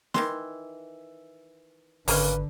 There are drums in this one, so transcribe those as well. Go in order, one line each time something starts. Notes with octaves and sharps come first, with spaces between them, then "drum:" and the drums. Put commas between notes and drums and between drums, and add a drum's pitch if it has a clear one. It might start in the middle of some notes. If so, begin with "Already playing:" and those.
D#3 E3 C6, drum: snare
G#1 D3 A#3 C#4 B4, drum: open hi-hat